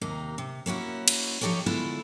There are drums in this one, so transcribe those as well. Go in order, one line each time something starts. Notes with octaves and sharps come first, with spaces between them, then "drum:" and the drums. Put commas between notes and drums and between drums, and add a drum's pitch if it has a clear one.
D#2 C3 A#3 D#4
C3
A#3 C#4 E4 F#4
drum: cymbal
F3 D#4 G4 A4 C#5
D3 G#3 B3 E4 F4 A4